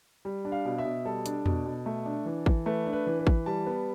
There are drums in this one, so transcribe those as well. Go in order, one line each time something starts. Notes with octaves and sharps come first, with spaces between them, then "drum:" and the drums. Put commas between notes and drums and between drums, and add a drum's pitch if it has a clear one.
G3
D4
F5
B2
E5
B2
G3 A4
D4, drum: hi-hat
B2, drum: tom E2
B2
A3
D4
E3
E3, drum: kick
A3 B4
D4
B4
E3
B4
E3, drum: kick
G3 A5
B3